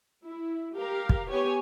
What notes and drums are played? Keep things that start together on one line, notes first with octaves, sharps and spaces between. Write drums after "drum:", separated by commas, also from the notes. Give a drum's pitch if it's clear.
E4
G4 A#4 F5
drum: kick
B3 G4 C#5 G#5